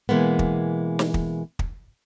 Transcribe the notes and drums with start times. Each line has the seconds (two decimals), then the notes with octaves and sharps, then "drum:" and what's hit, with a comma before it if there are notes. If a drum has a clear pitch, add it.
0.09 B2 E3 G#3 A#3 B3
0.39 drum: kick
0.99 drum: snare
1.14 drum: kick
1.59 drum: kick